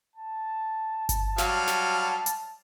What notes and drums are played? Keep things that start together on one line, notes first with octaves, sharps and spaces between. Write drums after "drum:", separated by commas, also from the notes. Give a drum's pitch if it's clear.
A5
drum: kick G1, hi-hat
F#3 G3 F5, drum: snare
drum: snare
drum: hi-hat